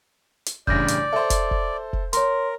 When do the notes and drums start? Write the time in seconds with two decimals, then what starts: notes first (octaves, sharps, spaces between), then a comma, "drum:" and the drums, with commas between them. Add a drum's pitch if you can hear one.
0.46 drum: hi-hat
0.67 A1 G2 C#3 D5 G6 A#6, drum: kick
0.88 drum: hi-hat
1.13 A4 C5 E5
1.30 drum: kick, hi-hat
1.51 drum: kick
1.93 drum: kick
2.13 A#4 C#5 C6, drum: hi-hat